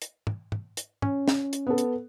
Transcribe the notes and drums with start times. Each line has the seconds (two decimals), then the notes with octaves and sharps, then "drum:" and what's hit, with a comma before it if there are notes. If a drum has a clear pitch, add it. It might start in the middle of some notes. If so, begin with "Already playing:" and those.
0.02 drum: hi-hat
0.27 drum: tom G#2
0.52 drum: tom G#2
0.77 drum: hi-hat
1.02 C#4, drum: tom G#2
1.28 drum: snare
1.53 drum: hi-hat
1.67 B3 A4
1.78 drum: hi-hat